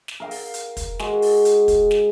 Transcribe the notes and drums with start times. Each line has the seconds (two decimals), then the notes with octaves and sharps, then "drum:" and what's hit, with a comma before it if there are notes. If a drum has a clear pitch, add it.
0.08 drum: snare
0.20 A#4 F5 G5
0.31 drum: open hi-hat
0.54 drum: hi-hat
0.77 drum: kick, hi-hat
0.99 G#3 F#4, drum: snare
1.22 drum: open hi-hat
1.45 drum: hi-hat
1.68 drum: kick, hi-hat
1.91 drum: snare